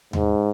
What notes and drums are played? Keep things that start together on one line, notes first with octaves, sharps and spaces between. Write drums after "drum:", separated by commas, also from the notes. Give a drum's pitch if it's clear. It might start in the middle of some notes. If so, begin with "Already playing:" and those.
G#2, drum: tom D#2